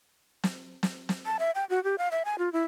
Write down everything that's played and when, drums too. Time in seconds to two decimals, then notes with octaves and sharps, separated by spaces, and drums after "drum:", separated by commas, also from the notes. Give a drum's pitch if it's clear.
0.44 drum: snare
0.83 drum: snare
1.09 drum: snare
1.26 A5
1.40 E5
1.55 G5
1.70 F#4
1.84 G4
1.98 F5
2.11 E5
2.25 G#5
2.38 F4
2.53 E4